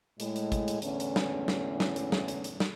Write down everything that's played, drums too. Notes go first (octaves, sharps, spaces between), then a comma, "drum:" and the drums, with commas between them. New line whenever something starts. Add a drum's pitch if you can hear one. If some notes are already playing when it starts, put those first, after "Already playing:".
A2 G#3, drum: hi-hat
drum: hi-hat
drum: kick, hi-hat
drum: hi-hat
E2 A2 D3 C#4, drum: hi-hat
drum: hi-hat
drum: snare
drum: snare
drum: snare
drum: hi-hat
drum: snare
drum: hi-hat
drum: hi-hat
drum: snare